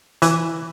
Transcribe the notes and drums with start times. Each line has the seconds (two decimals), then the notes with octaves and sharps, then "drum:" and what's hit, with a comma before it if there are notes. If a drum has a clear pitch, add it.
0.22 E3 B4 E5, drum: hi-hat